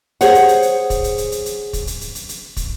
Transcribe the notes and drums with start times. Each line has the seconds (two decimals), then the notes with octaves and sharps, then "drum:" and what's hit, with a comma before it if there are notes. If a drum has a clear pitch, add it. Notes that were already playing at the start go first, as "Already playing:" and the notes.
0.21 G#4 C5 C#5 F#5, drum: hi-hat
0.35 drum: hi-hat
0.48 drum: hi-hat
0.62 drum: hi-hat
0.90 drum: kick, hi-hat
1.04 drum: hi-hat
1.18 drum: hi-hat
1.32 drum: hi-hat
1.46 drum: hi-hat
1.73 drum: kick, hi-hat
1.87 drum: hi-hat
2.01 drum: hi-hat
2.15 drum: hi-hat
2.29 drum: hi-hat
2.57 drum: kick, hi-hat